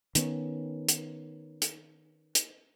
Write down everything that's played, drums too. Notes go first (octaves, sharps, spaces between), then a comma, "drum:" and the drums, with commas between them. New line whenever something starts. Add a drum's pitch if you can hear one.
D#3 B3 C#4, drum: hi-hat
drum: hi-hat
drum: hi-hat
drum: hi-hat